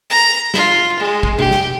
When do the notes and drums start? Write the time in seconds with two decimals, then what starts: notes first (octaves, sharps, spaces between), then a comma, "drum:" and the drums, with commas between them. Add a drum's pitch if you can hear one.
0.10 A#5
0.54 F4, drum: snare
0.99 G#3
1.23 drum: kick
1.39 G4, drum: tom B2
1.51 drum: snare